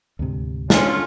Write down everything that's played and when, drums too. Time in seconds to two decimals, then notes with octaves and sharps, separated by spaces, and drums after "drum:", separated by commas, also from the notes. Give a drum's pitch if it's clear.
0.19 D2 G#2 C3
0.70 D3 C#4 F4, drum: snare